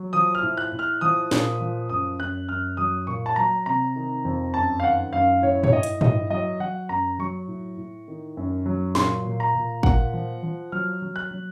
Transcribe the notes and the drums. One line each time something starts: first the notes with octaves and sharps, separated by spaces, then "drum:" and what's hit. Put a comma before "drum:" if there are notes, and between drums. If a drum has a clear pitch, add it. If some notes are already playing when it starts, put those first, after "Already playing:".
Already playing: F#3
F3 D#6
F6
A2
F#6
A2
F6
F3 D#6
A#2, drum: snare
F3
F#2 D#6
F#2 F#6
F#2 F6
F#3 D#6
A#2 C#6
A5
F#3 A#5
C3 A#5
D#3
F2
F#2 A5
F5
D#3 F#5
F#2 F5
A2 C#5
C#5, drum: tom
A2 D#5
drum: hi-hat
A2 D#5, drum: tom
F#3 D#5
F#3 F#5
F#2 A#5
F#3 C#6
A2
A2
D#3
F#2
F#3
A#2 C6, drum: snare
A#2
A#5
A#2
A#2 F#5, drum: kick
F3
F3
F#3 F6
F#3
F#6
F#3